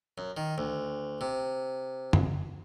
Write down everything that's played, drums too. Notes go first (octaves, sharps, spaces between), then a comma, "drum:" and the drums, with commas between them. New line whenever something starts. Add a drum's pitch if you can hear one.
F#2
D#3
D2
C3
drum: tom F#2